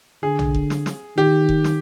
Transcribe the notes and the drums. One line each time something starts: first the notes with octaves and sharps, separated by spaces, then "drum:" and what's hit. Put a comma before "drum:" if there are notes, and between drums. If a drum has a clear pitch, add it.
D3 G#4
drum: tom
drum: kick F1
drum: snare
drum: snare
D#3 G4
drum: kick F1
drum: snare